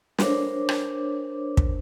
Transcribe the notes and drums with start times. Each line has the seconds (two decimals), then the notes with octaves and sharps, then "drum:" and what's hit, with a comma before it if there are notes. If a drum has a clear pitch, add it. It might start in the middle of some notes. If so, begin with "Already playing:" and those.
0.18 D4 A#4 C5 C#5 D6, drum: snare
0.69 drum: rim click
1.57 drum: kick